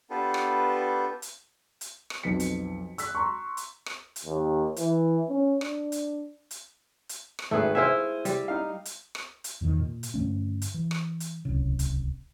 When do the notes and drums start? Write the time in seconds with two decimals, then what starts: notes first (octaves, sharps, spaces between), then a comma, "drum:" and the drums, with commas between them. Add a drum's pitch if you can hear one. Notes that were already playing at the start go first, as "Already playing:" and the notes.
0.10 B3 D4 F4 G4 A4 B4
0.34 drum: rim click
1.22 drum: hi-hat
1.81 drum: hi-hat
2.10 drum: rim click
2.23 B1 F2 B4 B6 C#7
2.40 drum: hi-hat
2.98 E6 F#6 B6, drum: hi-hat
3.15 A#5 C6 C#6
3.57 drum: hi-hat
3.86 drum: rim click
4.16 drum: hi-hat
4.25 D#2
4.76 E3, drum: hi-hat
5.29 C#4
5.61 D4, drum: rim click
5.92 drum: hi-hat
6.51 drum: hi-hat
7.09 drum: hi-hat
7.39 drum: rim click
7.51 G#1 A3 G#4 B4
7.75 E4 C5 E5 F5 G#5
8.25 G3, drum: hi-hat
8.48 D#4 F5
8.85 drum: hi-hat
9.15 drum: rim click
9.44 drum: hi-hat
9.61 E2 A#2 D3 D#3
9.80 A#2
10.03 drum: hi-hat
10.14 G2 D3 A3 C#4
10.62 drum: hi-hat
10.74 E3
10.91 drum: rim click
11.20 drum: hi-hat
11.45 D1 C2 C#3
11.79 drum: hi-hat